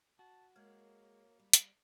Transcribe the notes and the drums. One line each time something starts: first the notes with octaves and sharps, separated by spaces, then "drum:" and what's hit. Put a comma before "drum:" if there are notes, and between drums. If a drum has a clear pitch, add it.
F#4 A5
G#3 A#3 A#4 C#5
G3
drum: hi-hat